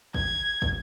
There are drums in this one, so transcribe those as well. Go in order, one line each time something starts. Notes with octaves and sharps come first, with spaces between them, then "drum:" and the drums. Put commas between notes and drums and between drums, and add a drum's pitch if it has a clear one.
G#6, drum: kick
drum: kick